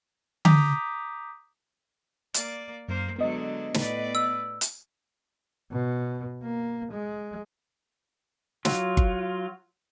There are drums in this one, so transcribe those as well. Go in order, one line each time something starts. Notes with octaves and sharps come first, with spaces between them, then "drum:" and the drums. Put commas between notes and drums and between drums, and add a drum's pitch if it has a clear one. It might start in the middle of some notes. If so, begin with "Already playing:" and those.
A#5 D6 D#6 G6 B6, drum: tom D3
A#3 D5, drum: hi-hat
F#2 A#3 A#4 C5
D3 F#3 G#3 B3 D#5
A2 B4 D5, drum: snare
E6
drum: hi-hat
B2
A#3
G#3
F#3 F4, drum: snare
drum: kick G1